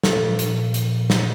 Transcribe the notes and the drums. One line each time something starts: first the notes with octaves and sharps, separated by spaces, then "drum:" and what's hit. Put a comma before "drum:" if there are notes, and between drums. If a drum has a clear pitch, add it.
A#2 F3 A4, drum: snare
A#2 F3, drum: hi-hat
A#2 F3, drum: hi-hat
A#2 F3, drum: snare